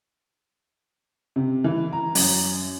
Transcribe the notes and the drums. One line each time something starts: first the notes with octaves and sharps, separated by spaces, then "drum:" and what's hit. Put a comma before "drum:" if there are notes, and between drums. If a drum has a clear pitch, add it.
C3
E3
A#5
F#2, drum: open hi-hat